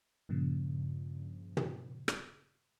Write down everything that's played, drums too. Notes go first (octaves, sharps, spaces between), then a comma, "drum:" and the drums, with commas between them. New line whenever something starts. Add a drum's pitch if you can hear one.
G2 A#2 C#3 F3
drum: tom
drum: rim click